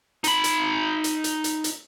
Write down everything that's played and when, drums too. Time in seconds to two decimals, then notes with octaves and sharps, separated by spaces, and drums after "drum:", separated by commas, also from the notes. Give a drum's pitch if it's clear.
0.24 D#4 B5, drum: hi-hat
0.44 drum: hi-hat
1.04 drum: hi-hat
1.24 drum: hi-hat
1.44 drum: hi-hat
1.64 drum: hi-hat